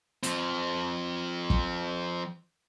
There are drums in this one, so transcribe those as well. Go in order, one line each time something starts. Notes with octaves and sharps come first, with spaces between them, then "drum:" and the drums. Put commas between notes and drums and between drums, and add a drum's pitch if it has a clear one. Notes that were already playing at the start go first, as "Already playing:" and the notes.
F3 C4, drum: hi-hat
drum: kick